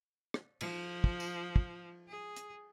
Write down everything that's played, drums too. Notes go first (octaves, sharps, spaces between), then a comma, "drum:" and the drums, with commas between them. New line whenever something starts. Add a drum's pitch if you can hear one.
drum: rim click
F3, drum: cymbal
drum: kick
drum: tambourine
drum: kick
G#4
drum: hi-hat